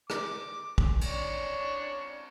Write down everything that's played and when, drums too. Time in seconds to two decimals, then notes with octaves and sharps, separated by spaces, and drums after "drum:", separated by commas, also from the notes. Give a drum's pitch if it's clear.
0.10 D6, drum: rim click
0.78 drum: kick
1.01 D4 C#5, drum: cymbal